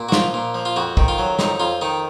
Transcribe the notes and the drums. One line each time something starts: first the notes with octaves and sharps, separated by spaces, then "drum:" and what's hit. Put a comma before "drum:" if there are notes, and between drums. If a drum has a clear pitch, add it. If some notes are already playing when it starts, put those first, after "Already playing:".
Already playing: A#2
F#4
F3 F4, drum: snare
A#2
F3
F4
F2 F#4
D#3, drum: kick
F4
F#3
F2 D#4, drum: snare
F2 F4
D#3 D#4